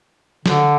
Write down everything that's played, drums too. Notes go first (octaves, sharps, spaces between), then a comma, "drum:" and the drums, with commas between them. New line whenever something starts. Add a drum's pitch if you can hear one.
D3, drum: snare F#3